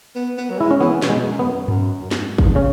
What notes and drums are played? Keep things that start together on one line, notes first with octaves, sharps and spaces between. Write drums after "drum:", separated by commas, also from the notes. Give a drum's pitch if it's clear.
B3
B3
F#3
G#3 E4
C#4
E3 B3
B2, drum: snare
G#3
F#2
B3
F#2
F#2, drum: tom G2
F#2
G#2, drum: snare
drum: kick
C#3 C#4